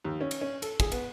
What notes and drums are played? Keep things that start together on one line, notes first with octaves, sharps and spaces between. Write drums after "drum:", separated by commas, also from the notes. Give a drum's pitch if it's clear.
D#2
C#4
drum: cymbal
C#4
A4, drum: cymbal
G#4, drum: kick, cymbal
B3, drum: cymbal